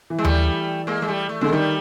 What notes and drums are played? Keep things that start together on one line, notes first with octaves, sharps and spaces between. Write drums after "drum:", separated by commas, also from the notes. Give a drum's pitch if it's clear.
E3
G#3
G3 A3, drum: tom D#2
G#3 A#3
G#3
G3 A3
A3
D3 G#3
D#3 G3 A3